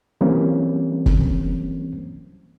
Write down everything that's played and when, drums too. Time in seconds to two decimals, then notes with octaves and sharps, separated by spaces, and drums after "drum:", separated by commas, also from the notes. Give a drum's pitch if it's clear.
0.21 E3 F#3 G3 A#3 C4 C#4
1.06 drum: kick